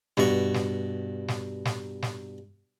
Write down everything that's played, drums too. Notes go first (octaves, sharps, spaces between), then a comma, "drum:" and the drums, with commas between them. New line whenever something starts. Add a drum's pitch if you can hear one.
G2 B2 C#6, drum: snare
drum: snare
drum: snare
drum: snare
drum: snare